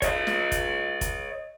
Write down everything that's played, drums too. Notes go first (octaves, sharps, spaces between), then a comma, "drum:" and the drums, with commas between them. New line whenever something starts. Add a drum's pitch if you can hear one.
C#5 D#5, drum: kick, hi-hat
drum: snare
drum: kick, hi-hat
drum: kick, hi-hat